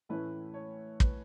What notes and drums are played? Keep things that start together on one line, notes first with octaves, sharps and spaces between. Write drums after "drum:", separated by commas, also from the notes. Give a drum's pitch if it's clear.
A2 E3 A3 C#4 E4 B4
C#5
B4, drum: kick